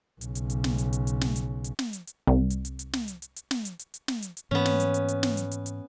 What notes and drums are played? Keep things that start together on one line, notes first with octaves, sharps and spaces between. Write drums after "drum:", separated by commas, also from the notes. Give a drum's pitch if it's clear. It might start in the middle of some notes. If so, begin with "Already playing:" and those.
B1 C#3, drum: hi-hat
drum: hi-hat
drum: hi-hat
drum: snare
drum: hi-hat
drum: hi-hat
drum: hi-hat
drum: snare
drum: hi-hat
drum: hi-hat
drum: snare
drum: hi-hat
drum: hi-hat
C2
drum: hi-hat
drum: hi-hat
drum: hi-hat
drum: snare
drum: hi-hat
drum: hi-hat
drum: hi-hat
drum: snare
drum: hi-hat
drum: hi-hat
drum: hi-hat
drum: snare
drum: hi-hat
drum: hi-hat
G#2 E3 A#3 B3 C#4
drum: snare
drum: hi-hat
drum: hi-hat
drum: hi-hat
drum: snare
drum: hi-hat
drum: hi-hat
drum: hi-hat